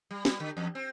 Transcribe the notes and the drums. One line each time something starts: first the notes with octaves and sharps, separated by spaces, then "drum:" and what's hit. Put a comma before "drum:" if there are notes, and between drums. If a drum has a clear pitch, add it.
G3
G3, drum: snare
D3
E2
C4